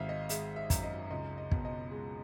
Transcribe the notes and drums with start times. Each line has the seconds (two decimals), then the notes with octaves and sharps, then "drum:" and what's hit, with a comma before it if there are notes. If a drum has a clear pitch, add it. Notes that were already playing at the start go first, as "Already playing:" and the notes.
Already playing: G#1 G#3 E5 F5
0.09 D#5
0.29 G#3 E5, drum: hi-hat
0.56 E5
0.70 F#2, drum: kick, hi-hat
0.83 D#5
1.10 C#2 D#5
1.37 D#5
1.52 B2, drum: kick
1.65 D#5
1.91 G#3